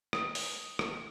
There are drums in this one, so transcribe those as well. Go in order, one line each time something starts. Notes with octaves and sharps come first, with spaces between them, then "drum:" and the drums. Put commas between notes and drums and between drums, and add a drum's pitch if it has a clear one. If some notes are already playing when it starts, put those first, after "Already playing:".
D#6, drum: rim click
drum: open hi-hat
drum: rim click